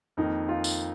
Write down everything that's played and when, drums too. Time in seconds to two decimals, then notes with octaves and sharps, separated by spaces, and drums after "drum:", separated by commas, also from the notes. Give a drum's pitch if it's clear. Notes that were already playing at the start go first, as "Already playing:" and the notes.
0.17 F2 D#3 A#3 D#4
0.49 F4
0.64 drum: tambourine